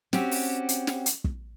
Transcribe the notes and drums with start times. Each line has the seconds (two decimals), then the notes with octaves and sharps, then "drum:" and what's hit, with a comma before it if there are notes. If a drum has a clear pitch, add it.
0.13 C4 C#4 F#4 G4, drum: snare
0.31 drum: open hi-hat
0.69 drum: hi-hat
0.87 drum: snare
1.06 drum: hi-hat
1.24 drum: kick